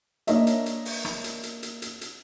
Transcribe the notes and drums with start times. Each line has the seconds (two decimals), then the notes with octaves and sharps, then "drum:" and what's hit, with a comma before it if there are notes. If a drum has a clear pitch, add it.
0.27 A#3 D4 A#4 C#5 D#5 E5, drum: hi-hat
0.47 drum: hi-hat
0.66 drum: hi-hat
0.85 drum: open hi-hat
1.05 drum: rim click
1.24 drum: hi-hat
1.43 drum: hi-hat
1.63 drum: hi-hat
1.82 drum: hi-hat
2.01 drum: hi-hat